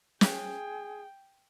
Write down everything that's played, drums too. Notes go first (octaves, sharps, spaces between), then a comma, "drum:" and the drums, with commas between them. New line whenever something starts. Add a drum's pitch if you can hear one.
G#4 G5, drum: snare